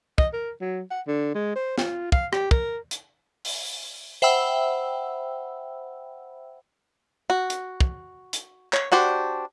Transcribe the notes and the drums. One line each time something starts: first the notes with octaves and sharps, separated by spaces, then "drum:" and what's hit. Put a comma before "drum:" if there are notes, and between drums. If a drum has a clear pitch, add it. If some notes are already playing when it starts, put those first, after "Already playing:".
D#5, drum: kick
A#4
F#3
F#5
D3
G#3
C5
F4, drum: snare
F5, drum: kick
G4, drum: rim click
A#4, drum: kick
drum: hi-hat
drum: open hi-hat
C5 E5 F#5 G5 B5 E6
F#4
drum: hi-hat
drum: kick
drum: hi-hat
C#5, drum: clap
D4 F#4 G4 C5